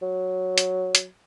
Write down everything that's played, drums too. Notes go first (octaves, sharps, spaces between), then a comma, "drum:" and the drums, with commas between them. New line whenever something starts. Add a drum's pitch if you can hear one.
F#3
drum: hi-hat
drum: hi-hat